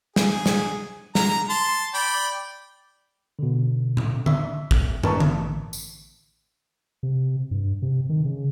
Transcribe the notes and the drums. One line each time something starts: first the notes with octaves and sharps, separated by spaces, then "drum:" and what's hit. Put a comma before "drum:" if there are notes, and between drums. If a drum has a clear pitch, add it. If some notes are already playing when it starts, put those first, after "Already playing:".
G#4, drum: snare
drum: snare
A#5, drum: snare
A5 C6
D5 G5 B5
B2 D3
drum: tom A#2
E5, drum: tom D3
drum: kick
D4 A#4 B4 A5 A#5 C#6, drum: tom
A1, drum: tom D3
drum: tambourine
C3
G2
C3
D#3
C#3